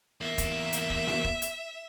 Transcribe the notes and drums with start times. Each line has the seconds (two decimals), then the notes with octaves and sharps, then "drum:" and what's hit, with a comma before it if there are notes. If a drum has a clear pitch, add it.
0.21 E2 A#3 E5
0.38 drum: kick, hi-hat
0.73 drum: hi-hat
0.90 drum: kick
1.07 drum: snare
1.24 drum: kick
1.42 drum: hi-hat